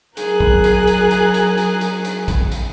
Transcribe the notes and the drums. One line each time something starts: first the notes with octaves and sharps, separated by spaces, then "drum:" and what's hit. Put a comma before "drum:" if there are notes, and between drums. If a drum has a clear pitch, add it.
F#3 G#4 A#4 F#6, drum: hi-hat
drum: kick
drum: hi-hat
drum: hi-hat
drum: hi-hat
drum: hi-hat
drum: hi-hat
drum: hi-hat
drum: hi-hat
drum: kick, hi-hat
drum: hi-hat